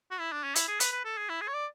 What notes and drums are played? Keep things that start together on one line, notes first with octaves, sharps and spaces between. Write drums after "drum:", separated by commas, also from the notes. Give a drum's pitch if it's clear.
F#4
E4
D4
C#4
E4, drum: hi-hat
G#4
B4, drum: hi-hat
B4
A4
G#4
E4
G#4
C#5
D5